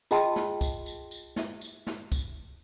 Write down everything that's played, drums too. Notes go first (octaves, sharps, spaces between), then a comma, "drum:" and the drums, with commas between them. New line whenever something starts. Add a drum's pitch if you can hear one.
F4 G#4 D#5 G5 A5 C6, drum: tambourine
drum: snare
drum: kick, tambourine
drum: tambourine
drum: tambourine
drum: snare
drum: tambourine
drum: snare
drum: kick, tambourine